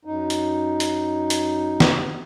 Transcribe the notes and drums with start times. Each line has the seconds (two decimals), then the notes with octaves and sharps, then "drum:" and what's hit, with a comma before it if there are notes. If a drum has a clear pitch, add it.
0.05 F#2 D#4
0.30 drum: hi-hat
0.80 drum: hi-hat
1.30 drum: hi-hat
1.80 drum: snare